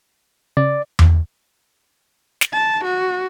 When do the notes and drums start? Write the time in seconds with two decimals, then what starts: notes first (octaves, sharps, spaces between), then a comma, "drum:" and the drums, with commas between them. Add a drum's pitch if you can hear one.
0.57 C#3 D5
0.99 drum: tom E2
2.41 drum: snare
2.53 A5
2.84 F#4